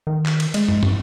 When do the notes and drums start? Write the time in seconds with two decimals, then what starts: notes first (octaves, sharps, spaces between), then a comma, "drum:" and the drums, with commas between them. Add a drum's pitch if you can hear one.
0.07 D#3
0.26 drum: clap
0.40 drum: cymbal
0.54 G#3, drum: cymbal
0.68 drum: tom
0.83 drum: tom